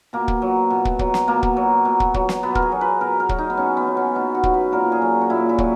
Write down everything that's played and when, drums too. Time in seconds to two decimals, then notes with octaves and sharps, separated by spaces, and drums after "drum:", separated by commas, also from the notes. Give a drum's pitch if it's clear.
0.13 B2 A#3
0.28 drum: kick
0.42 F#3
0.70 B2
0.85 drum: kick
0.99 F#3, drum: kick
1.14 drum: snare
1.28 B2 A#3
1.43 drum: kick
1.57 F#3
1.85 B2
2.00 drum: kick
2.14 F#3, drum: kick
2.29 drum: snare
2.43 B2 B3
2.55 A#4, drum: kick
2.62 G#4
2.72 F#3
2.81 B4
3.01 B2 A#4
3.20 A#4
3.29 F#3, drum: kick
3.38 D#4
3.50 B3
3.57 B2 C#4
3.77 B3
3.87 F#3
3.97 C#4
4.15 B2 D#4
4.35 F#4
4.43 F#3, drum: kick
4.54 B4
4.72 A#2 A#4
4.92 G#4
5.02 F#3
5.21 F#4
5.30 A#2 E4
5.49 E4
5.58 F#3, drum: kick